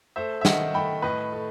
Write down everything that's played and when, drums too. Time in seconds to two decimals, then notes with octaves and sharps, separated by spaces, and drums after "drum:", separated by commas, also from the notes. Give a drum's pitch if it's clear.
0.16 A3 C5 E5
0.41 E5
0.45 D#3 D#5 F#5, drum: snare
0.74 A3 G5 B5
1.02 A2 B4 D#5
1.32 A3